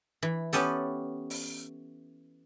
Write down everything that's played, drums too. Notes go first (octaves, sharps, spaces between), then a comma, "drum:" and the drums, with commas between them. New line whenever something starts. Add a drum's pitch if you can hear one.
E3
B3 C#4 G4 A4, drum: hi-hat
drum: open hi-hat